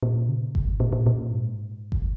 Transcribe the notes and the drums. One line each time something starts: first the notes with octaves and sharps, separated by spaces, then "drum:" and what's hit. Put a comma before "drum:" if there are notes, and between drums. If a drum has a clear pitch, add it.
A#2
C#3
A#2, drum: kick G1
G#2
A#2
A#2
A#2
G#2
drum: kick G1